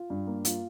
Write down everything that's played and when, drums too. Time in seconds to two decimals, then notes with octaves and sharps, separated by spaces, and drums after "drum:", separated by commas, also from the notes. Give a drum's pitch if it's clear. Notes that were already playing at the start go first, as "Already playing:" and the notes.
Already playing: F4
0.10 G2
0.27 A#3
0.45 F4, drum: hi-hat